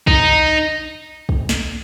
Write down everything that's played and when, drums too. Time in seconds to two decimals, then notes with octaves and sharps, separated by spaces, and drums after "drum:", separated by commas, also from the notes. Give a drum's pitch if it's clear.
0.07 D#4, drum: kick
1.29 drum: kick
1.49 drum: snare